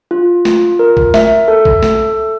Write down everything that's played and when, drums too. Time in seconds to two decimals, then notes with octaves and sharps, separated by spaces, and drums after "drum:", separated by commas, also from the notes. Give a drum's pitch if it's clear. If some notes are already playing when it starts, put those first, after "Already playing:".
0.11 F4
0.45 F4, drum: snare
0.79 A#4
0.97 drum: kick
1.14 E5, drum: snare
1.48 A4
1.65 drum: kick
1.83 drum: snare